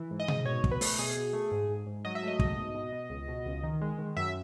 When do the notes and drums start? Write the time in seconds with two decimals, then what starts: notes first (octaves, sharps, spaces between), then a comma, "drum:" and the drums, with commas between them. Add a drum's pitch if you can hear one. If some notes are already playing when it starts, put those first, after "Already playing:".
Already playing: E3
0.11 G#2
0.20 D#5
0.28 G#2, drum: tom B2
0.45 B2 C#5
0.64 B2, drum: kick
0.71 B4
0.81 A3, drum: open hi-hat
0.99 B2 G#4
1.17 B2
1.33 A3
1.51 G#2
1.69 G#2
1.86 G#2
2.05 F#3 D#5
2.15 E5
2.23 A3 D#5
2.39 G#2, drum: kick
2.57 B2
2.75 B2
2.92 B2
3.10 C#2
3.28 B2
3.46 C#2
3.64 D#3
3.81 G#3
3.99 D#3
4.16 F#2 E5